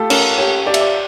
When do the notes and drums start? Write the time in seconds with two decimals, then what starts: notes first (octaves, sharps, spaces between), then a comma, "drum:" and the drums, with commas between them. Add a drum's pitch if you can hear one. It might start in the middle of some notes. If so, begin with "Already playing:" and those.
Already playing: A3 F4 G4 A4
0.10 C#4 A#4, drum: cymbal
0.38 G4 C#5
0.66 G4 D5
0.74 E5, drum: cymbal
0.81 D5